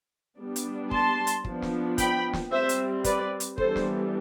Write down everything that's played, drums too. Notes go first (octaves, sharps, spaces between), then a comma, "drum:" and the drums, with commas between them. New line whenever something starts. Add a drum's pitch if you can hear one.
G3 B3 D4
drum: hi-hat
A5 C6, drum: kick
drum: hi-hat
F3 B3 D4, drum: kick
drum: snare
G5 B5, drum: kick, hi-hat
drum: snare
G3 C4 C5 E5
drum: hi-hat
B4 D5, drum: kick, hi-hat
drum: hi-hat
E3 G3 B3 D4 A4 C5, drum: kick
drum: snare